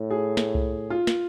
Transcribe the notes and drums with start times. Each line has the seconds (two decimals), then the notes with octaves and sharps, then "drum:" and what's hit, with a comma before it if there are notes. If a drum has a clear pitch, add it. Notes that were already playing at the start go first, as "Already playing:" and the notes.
Already playing: A2
0.10 G#4
0.37 drum: snare
0.55 drum: kick C2
0.90 F4
1.07 drum: snare